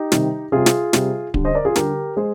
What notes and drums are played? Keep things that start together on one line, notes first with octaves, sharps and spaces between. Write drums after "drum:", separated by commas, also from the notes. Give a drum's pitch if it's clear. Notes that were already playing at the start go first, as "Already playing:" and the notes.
Already playing: D#4 G4
C3 D#3 G3, drum: snare
C3 G3 F4 G#4
drum: snare
C3 G3, drum: snare
D3 G3, drum: kick D1
C5 D#5
A#4 D5
F4 G#4
D3 G3 G4 A#4, drum: snare
G#3 G#4 C5